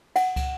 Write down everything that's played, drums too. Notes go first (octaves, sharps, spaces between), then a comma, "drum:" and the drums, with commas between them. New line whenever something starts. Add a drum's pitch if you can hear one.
F#5, drum: cymbal
drum: kick, cymbal